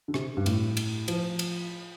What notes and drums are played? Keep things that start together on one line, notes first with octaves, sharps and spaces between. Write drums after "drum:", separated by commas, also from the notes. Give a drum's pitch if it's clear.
D3
C3, drum: rim click
G2
A2, drum: cymbal
drum: cymbal
F3, drum: cymbal
drum: cymbal